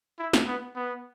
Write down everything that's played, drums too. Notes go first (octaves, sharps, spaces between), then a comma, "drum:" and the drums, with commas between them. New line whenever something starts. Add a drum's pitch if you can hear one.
E4
drum: snare
B3
B3